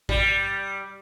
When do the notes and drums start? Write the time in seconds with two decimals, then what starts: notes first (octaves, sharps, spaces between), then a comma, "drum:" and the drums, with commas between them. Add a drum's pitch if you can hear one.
0.09 G3, drum: kick A1